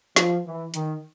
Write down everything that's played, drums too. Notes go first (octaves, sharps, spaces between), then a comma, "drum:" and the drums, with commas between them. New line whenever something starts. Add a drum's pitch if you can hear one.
F3, drum: snare
E3
D#3, drum: hi-hat